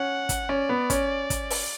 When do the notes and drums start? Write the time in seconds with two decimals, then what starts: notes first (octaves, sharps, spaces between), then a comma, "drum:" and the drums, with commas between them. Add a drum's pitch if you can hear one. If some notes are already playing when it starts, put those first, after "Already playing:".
Already playing: C#4 F#5
0.29 drum: kick, hi-hat
0.49 C#4 D5
0.69 B3
0.90 C#4, drum: kick, hi-hat
1.30 drum: kick, hi-hat
1.50 drum: open hi-hat